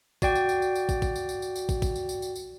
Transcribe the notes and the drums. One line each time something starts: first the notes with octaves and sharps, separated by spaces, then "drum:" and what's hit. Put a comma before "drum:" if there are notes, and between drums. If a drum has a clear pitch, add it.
F#4 D5 G5, drum: kick, tambourine
drum: tambourine
drum: tambourine
drum: tambourine
drum: tambourine
drum: kick, tambourine
drum: kick, tambourine
drum: tambourine
drum: tambourine
drum: tambourine
drum: tambourine
drum: kick, tambourine
drum: kick, tambourine
drum: tambourine
drum: tambourine
drum: tambourine
drum: tambourine